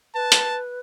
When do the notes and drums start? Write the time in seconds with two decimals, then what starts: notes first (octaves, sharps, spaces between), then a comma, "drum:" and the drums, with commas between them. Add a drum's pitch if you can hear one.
0.15 B4 A5
0.32 drum: hi-hat